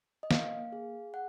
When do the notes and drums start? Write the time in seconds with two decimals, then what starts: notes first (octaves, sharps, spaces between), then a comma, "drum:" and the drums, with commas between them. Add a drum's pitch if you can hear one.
0.23 D#5
0.31 A#3 F5, drum: snare
0.72 G#4
1.14 F#5